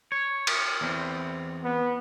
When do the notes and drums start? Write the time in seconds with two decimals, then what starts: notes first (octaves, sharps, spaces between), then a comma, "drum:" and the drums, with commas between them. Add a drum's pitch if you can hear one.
0.12 C#5
0.47 drum: cymbal
0.81 E2 C4
1.64 B3